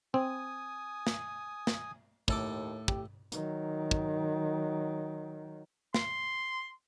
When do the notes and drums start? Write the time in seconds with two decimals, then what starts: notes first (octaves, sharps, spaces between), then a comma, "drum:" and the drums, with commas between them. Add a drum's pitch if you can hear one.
0.14 C4 G#5 D#6
1.07 drum: snare
1.67 drum: snare
2.28 D#2 A2 A4 D6, drum: kick
2.88 G4, drum: kick
3.32 D#3 F#3, drum: hi-hat
3.91 drum: kick
5.94 C6, drum: snare